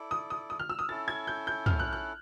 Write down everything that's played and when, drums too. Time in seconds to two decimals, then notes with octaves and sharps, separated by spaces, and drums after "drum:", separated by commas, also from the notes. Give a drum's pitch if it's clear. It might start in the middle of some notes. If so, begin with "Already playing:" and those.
Already playing: E4 A4 D5
0.11 D#6
0.30 D#6
0.50 D#6
0.59 F6
0.70 E6
0.79 D#6
0.89 C#4 E4 A4 A6
1.08 G#6
1.27 G6
1.47 G6
1.66 F6, drum: tom
1.79 F#6
1.93 F#6